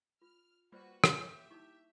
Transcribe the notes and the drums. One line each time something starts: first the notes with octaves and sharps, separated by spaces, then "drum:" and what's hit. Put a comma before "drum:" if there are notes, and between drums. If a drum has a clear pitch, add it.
F4 F6
G3 A#3 F4 F#4 B4 C5 D5
drum: rim click
G4 E5
D#4 E4 G4 C#6